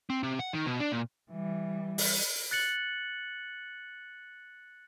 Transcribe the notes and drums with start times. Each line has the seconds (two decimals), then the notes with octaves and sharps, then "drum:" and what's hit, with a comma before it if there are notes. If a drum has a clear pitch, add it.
0.10 C4
0.23 C3
0.39 F#5
0.53 D#3
0.66 B2
0.80 D4
0.92 A#2
1.31 E3 G3
1.98 drum: open hi-hat
2.51 F#6 A6 C#7 F#7